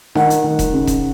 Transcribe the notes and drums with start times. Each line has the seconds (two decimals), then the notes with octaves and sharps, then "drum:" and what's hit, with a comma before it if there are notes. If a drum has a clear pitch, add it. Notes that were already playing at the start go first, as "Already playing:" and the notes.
0.15 D#3 F#5, drum: snare D4
0.30 drum: hi-hat
0.44 D#3
0.59 drum: kick E1, hi-hat
0.73 C#3
0.87 drum: kick E1, hi-hat